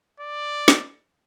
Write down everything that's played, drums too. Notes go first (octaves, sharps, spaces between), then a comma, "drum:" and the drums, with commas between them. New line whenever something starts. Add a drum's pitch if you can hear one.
D5
drum: snare